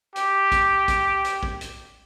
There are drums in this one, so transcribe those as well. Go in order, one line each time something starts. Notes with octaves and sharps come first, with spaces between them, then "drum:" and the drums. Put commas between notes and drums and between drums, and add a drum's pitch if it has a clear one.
G4, drum: hi-hat
drum: kick, hi-hat
drum: kick, hi-hat
drum: hi-hat
drum: kick
drum: hi-hat